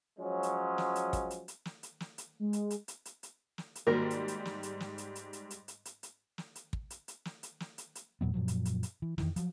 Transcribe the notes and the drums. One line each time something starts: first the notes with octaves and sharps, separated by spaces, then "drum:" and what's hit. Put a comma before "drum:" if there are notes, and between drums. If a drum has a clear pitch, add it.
F3 F#3 G#3 C#4
drum: hi-hat
drum: snare
drum: hi-hat
drum: kick, hi-hat
drum: hi-hat
drum: hi-hat
drum: snare
drum: hi-hat
drum: snare
drum: hi-hat
G#3
drum: hi-hat
drum: hi-hat
drum: hi-hat
drum: hi-hat
drum: hi-hat
drum: snare
drum: hi-hat
G#2 D#3 G3 A#3 F#4 A#4
drum: hi-hat
drum: hi-hat
drum: snare
drum: hi-hat
drum: snare
drum: hi-hat
drum: hi-hat
drum: hi-hat
drum: hi-hat
drum: hi-hat
drum: hi-hat
drum: hi-hat
drum: snare
drum: hi-hat
drum: kick
drum: hi-hat
drum: hi-hat
drum: snare
drum: hi-hat
drum: snare
drum: hi-hat
drum: hi-hat
E2 A#2 F#3 B3
F#2 A#2 F3 F#3
drum: hi-hat
drum: hi-hat
drum: hi-hat
E3
F2 D#3 E3, drum: snare
F3 F#3, drum: hi-hat